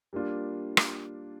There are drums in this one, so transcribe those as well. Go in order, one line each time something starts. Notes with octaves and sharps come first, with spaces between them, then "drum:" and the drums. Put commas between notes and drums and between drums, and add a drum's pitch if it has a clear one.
G3 A#3 D4 F4
drum: rim click